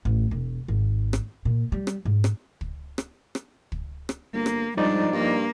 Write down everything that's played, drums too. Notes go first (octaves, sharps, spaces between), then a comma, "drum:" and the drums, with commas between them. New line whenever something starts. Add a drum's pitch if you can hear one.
A1
E1
G#1
drum: rim click
A#2
G3
drum: rim click
G#2
drum: rim click
drum: kick
drum: rim click
drum: rim click
drum: kick
drum: rim click
G1 A#3
drum: rim click
G#2 F3 G3 D4 D#4 D5
G2 A#3